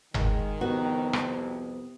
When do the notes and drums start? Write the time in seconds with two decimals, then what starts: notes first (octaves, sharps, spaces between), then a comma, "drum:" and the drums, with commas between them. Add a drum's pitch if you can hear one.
0.14 D#3 G#3, drum: tom G1
0.61 C2 F2 C3 B3 F#4
1.13 drum: rim click